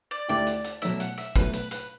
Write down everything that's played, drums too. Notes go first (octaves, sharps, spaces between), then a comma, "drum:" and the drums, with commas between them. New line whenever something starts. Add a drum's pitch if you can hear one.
D5
D2 D3 A3 E4 G4 D5
drum: hi-hat
drum: hi-hat
B2 F#3 A3 E5, drum: hi-hat
F#5, drum: hi-hat
E5, drum: hi-hat
B2 F#3 A3 B4, drum: kick G1, hi-hat
B4, drum: hi-hat
B4, drum: hi-hat